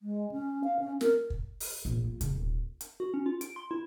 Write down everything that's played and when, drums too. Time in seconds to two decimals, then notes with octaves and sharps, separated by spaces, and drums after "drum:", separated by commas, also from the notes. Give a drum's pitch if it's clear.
0.01 G#3
0.32 C#4
0.64 F5
0.79 C#4
1.01 A#4, drum: snare
1.30 drum: kick
1.60 drum: open hi-hat
1.85 A#1
2.04 F4
2.21 C#3, drum: kick, hi-hat
2.35 D#1
2.81 drum: hi-hat
3.00 F#4
3.14 C#4
3.26 F4
3.41 D7, drum: hi-hat
3.56 C6
3.71 E4